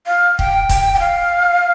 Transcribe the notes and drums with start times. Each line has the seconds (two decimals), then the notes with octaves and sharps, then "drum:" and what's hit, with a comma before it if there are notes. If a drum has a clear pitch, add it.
0.07 F5
0.39 G5, drum: kick
0.69 G5, drum: kick, hi-hat
0.94 G5
1.00 F5